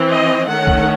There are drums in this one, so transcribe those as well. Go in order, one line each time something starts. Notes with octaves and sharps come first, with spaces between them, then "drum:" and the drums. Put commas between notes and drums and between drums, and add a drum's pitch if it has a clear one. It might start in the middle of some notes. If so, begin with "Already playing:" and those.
Already playing: E3 C4
D#5
D#3 A3 C#4 F#5
drum: kick B1